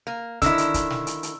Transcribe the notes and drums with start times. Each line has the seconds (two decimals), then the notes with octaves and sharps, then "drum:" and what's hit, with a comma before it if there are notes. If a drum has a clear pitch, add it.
0.07 A#3
0.42 D3 D#3 E4 E6, drum: kick, hi-hat
0.58 drum: hi-hat
0.74 drum: kick, hi-hat
0.90 drum: snare
1.07 drum: hi-hat
1.23 drum: hi-hat